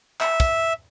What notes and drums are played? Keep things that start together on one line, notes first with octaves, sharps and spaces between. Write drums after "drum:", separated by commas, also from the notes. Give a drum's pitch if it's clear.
E5, drum: clap
drum: kick, hi-hat